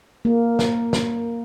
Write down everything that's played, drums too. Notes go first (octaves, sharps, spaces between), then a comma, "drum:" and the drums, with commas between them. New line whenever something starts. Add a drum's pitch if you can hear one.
A#3
drum: snare
drum: snare